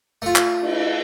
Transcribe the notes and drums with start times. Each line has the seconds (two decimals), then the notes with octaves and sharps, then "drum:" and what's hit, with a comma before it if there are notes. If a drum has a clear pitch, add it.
0.22 A3 F4
0.35 drum: clap
0.62 drum: cymbal